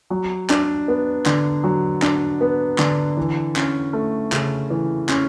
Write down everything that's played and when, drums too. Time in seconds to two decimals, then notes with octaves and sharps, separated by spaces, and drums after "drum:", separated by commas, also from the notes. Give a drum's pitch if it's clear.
0.10 F#3
0.50 D4, drum: clap
0.88 B3
1.26 D3, drum: clap
1.64 F#3
2.02 D4, drum: clap
2.41 B3
2.79 D3, drum: clap
3.17 E3
3.56 C#4, drum: clap
3.93 A3
4.32 C#3, drum: clap
4.70 E3
5.09 C#4, drum: clap